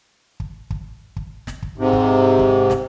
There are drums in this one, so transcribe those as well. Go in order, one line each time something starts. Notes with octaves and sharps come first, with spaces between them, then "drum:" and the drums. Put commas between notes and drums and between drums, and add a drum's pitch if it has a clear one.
drum: kick
drum: kick
drum: kick
drum: snare
drum: kick
G#2 C3
drum: kick
drum: kick
drum: snare